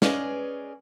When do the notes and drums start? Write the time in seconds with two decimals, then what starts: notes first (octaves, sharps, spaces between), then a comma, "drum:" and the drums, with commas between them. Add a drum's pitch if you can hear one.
0.02 C#4 G#4 B4 D5 D#5 F5, drum: snare